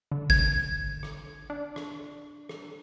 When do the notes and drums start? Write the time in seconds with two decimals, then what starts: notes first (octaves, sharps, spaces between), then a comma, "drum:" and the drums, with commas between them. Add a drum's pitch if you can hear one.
0.11 D3
0.30 G#6, drum: kick G#1
1.03 drum: rim click
1.50 D4
1.76 drum: rim click
2.49 drum: rim click